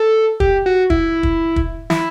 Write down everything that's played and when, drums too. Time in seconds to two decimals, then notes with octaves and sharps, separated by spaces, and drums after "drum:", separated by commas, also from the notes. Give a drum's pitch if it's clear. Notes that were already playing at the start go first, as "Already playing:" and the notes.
Already playing: A4
0.40 G4, drum: kick
0.66 F#4
0.90 E4, drum: kick
1.23 drum: kick
1.56 drum: kick
1.90 E4, drum: snare